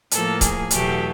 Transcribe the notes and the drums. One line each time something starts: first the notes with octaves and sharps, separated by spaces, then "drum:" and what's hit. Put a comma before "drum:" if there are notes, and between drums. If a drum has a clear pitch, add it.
A2 F3 A#3 A4, drum: hi-hat
G#4, drum: kick C#1, hi-hat
E2 B2 F#3 A3 G4, drum: hi-hat